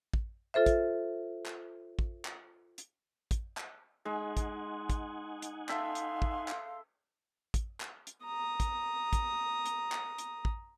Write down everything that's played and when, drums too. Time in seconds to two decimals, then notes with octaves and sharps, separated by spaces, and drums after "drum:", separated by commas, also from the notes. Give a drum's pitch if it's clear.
0.14 drum: kick
0.54 F4 A4 C5 E5
0.66 drum: kick, hi-hat
1.46 drum: clap
1.99 drum: kick
2.25 drum: clap
2.78 drum: hi-hat
3.31 drum: kick, hi-hat
3.57 drum: clap
4.05 G#3 D#4 F#5 G#5
4.37 drum: kick, hi-hat
4.90 drum: kick, hi-hat
5.42 drum: hi-hat
5.69 A4 E5 F5 G5 C6, drum: clap
5.95 drum: hi-hat
6.22 drum: kick
6.48 drum: clap
7.54 drum: kick, hi-hat
7.80 drum: clap
8.07 drum: hi-hat
8.25 A#5 D#6
8.60 drum: kick, hi-hat
9.13 drum: kick, hi-hat
9.66 drum: hi-hat
9.92 drum: clap
10.18 drum: hi-hat
10.45 drum: kick